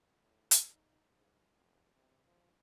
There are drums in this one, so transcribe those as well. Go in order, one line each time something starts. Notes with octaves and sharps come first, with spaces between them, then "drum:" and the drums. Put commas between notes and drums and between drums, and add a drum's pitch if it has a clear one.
A2
drum: hi-hat
D#4
G#2
F1
C3
F3